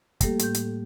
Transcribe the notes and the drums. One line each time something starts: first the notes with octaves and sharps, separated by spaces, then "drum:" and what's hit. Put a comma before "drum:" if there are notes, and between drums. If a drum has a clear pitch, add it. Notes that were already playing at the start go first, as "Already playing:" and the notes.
G3 A3 A#3 G4 A4, drum: kick, hi-hat
A2 G6, drum: hi-hat
drum: hi-hat